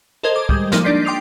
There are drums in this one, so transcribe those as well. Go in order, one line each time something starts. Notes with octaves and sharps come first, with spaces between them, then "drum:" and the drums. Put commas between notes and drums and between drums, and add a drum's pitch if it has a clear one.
A4 A#4 C5 D#5 G#6
D6
G3 G#3, drum: kick
F3 A#3 D#4, drum: snare
D4 D5 G6 B6 C7
G5 C6 D6 D#6 C7 F7